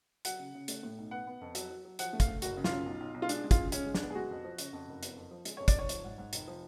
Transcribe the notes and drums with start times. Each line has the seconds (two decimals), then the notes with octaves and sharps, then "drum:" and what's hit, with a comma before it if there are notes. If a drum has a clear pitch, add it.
0.25 F#3 F#5, drum: hi-hat
0.39 C#3
0.55 C#3
0.68 A3, drum: hi-hat
0.83 A2
0.98 B1
1.11 B3 F#5
1.27 B3
1.41 F2
1.55 F#3, drum: hi-hat
1.70 F#3
1.85 F#3
1.99 F3 F#5, drum: hi-hat
2.13 A3
2.20 F5, drum: kick, hi-hat
2.28 A3
2.42 F#1 F#4, drum: hi-hat
2.57 C#3
2.64 F4, drum: snare
2.71 F#2
2.86 B1
3.00 B1
3.14 B1
3.22 F4
3.29 G#3 D4, drum: hi-hat
3.44 G#3
3.51 F4, drum: kick, hi-hat
3.58 C#3
3.72 G#3 C#4, drum: hi-hat
3.86 G#3
3.94 D4, drum: snare
4.02 B3
4.10 G#4
4.15 G#3 F#4
4.31 F2
4.44 F3
4.58 C#3, drum: hi-hat
4.73 F2
4.88 F#1
5.03 B3, drum: hi-hat
5.16 F2
5.31 F3
5.45 G#3, drum: hi-hat
5.57 C#5
5.60 F2
5.68 D5, drum: kick, hi-hat
5.74 F1 C#5
5.89 F3, drum: hi-hat
6.04 G#2
6.18 G#2
6.33 F1, drum: hi-hat
6.48 F3